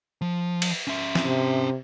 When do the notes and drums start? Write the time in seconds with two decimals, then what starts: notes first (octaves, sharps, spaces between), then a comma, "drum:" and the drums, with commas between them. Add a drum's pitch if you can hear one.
0.21 F3
0.62 drum: cymbal
0.87 C#4 E5
1.15 drum: snare
1.26 C3